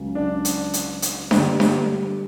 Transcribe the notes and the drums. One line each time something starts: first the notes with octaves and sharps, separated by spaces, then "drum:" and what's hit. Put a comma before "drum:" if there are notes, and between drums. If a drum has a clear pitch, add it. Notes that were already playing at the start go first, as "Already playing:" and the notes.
Already playing: C#2 C#3 F#3
D4
drum: hi-hat
drum: hi-hat
drum: hi-hat
G2 D3 G3, drum: snare D4
drum: snare D4